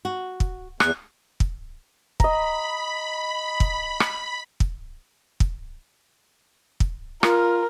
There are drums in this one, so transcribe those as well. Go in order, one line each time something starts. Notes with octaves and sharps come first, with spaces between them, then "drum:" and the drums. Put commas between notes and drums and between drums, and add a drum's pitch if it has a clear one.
F#4
drum: kick
E2 F#6, drum: rim click
drum: kick
D#5 A#5 B5, drum: kick
drum: kick
drum: rim click
drum: kick
drum: kick
drum: kick
F4 A#4, drum: rim click